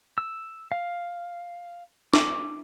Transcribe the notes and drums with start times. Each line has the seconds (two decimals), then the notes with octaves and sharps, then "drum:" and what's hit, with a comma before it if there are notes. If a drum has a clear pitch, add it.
0.18 E6
0.72 F5
2.14 D6, drum: snare